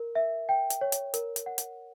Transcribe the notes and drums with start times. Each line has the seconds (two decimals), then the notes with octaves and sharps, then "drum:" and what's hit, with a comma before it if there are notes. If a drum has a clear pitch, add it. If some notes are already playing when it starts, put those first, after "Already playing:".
Already playing: A#4
0.15 E5
0.49 G5
0.70 drum: hi-hat
0.81 C#5
0.92 drum: hi-hat
1.14 A#4, drum: hi-hat
1.36 drum: hi-hat
1.46 F#5
1.58 drum: hi-hat